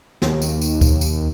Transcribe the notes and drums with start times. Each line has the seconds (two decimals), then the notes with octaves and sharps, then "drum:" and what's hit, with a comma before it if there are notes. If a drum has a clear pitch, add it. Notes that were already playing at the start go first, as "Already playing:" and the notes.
0.22 D#2, drum: snare
0.42 drum: tambourine
0.61 drum: tambourine
0.81 drum: kick C#2, tambourine
1.01 drum: tambourine